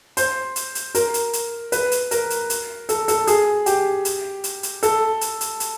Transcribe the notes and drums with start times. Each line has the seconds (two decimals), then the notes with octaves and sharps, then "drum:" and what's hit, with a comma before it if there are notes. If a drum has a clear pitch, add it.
0.17 C5, drum: hi-hat
0.56 drum: hi-hat
0.75 drum: hi-hat
0.95 A#4, drum: hi-hat
1.14 drum: hi-hat
1.33 drum: hi-hat
1.72 B4, drum: hi-hat
1.92 drum: hi-hat
2.11 A#4, drum: hi-hat
2.30 drum: hi-hat
2.50 drum: hi-hat
2.89 A4, drum: hi-hat
3.08 A4, drum: hi-hat
3.27 G#4, drum: hi-hat
3.66 G4, drum: hi-hat
4.05 drum: hi-hat
4.44 drum: hi-hat
4.63 drum: hi-hat
4.83 A4, drum: hi-hat
5.21 drum: hi-hat
5.41 drum: hi-hat
5.60 drum: hi-hat